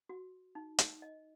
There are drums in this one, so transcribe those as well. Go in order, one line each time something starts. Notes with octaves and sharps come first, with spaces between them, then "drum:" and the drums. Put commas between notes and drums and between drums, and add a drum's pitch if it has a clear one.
F#4
D#4
D#4, drum: hi-hat
D#5